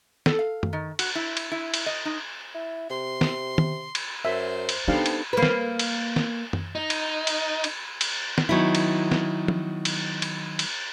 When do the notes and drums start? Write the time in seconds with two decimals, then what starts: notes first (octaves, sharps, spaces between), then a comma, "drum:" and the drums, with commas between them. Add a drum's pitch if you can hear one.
0.26 A4, drum: snare
0.39 F5
0.63 drum: tom F#2
0.73 D#3
0.99 F#4, drum: cymbal
1.15 E4
1.37 drum: cymbal
1.52 E4
1.74 drum: cymbal
1.86 D#5
2.05 D#4
2.54 E4
2.90 C3 C6
3.21 drum: snare
3.58 drum: tom D#3
3.95 drum: cymbal
4.25 F#2 C5 E5
4.69 drum: cymbal
4.88 B3 C4 D4 D#4 G4 A4 F5
5.06 drum: cymbal
5.33 A#3 B4
5.43 drum: snare
5.79 drum: cymbal
6.16 drum: snare
6.53 drum: tom F#2
6.75 D#4
6.90 drum: cymbal
7.27 drum: cymbal
7.64 drum: cymbal
8.01 drum: cymbal
8.38 drum: snare
8.49 D#3 F#3 B3 E4
8.75 drum: cymbal
9.12 drum: snare
9.48 drum: tom
9.85 drum: cymbal
10.22 drum: cymbal
10.59 drum: cymbal